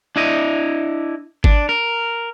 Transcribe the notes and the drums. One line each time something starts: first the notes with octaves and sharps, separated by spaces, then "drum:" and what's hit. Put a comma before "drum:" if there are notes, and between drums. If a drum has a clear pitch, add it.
D4 E4 D#5
D4, drum: kick G#1
A#4